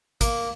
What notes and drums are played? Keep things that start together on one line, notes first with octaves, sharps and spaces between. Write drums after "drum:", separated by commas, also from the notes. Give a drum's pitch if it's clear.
A#3, drum: kick, hi-hat